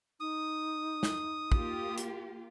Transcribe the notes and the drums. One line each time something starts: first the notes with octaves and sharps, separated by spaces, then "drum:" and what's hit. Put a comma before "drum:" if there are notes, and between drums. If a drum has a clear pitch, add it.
D#4 D#6
drum: snare
A#3 F4 G4, drum: kick
drum: hi-hat